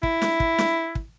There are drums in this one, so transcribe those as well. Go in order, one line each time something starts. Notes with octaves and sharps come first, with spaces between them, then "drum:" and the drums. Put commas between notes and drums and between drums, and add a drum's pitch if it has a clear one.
E4, drum: kick
drum: snare
drum: kick
drum: snare
drum: kick